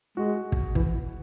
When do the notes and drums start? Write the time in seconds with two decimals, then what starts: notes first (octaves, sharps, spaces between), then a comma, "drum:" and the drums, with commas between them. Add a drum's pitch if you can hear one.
0.17 G#3 F#4
0.52 drum: kick
0.75 E3, drum: kick